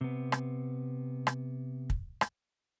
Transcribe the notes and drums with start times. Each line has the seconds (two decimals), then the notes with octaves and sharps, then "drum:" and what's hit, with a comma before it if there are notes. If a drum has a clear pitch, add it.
0.01 C3 B3
0.32 drum: rim click
1.27 drum: rim click
1.90 drum: kick
2.21 drum: rim click